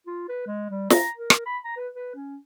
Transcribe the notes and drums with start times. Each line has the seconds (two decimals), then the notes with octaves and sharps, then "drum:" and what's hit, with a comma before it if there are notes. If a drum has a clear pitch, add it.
0.07 F4
0.29 B4
0.47 G#3
0.70 G3
0.90 A#5, drum: snare
1.17 A#4
1.30 drum: rim click
1.46 B5
1.65 A#5
1.77 B4
1.95 B4
2.15 C#4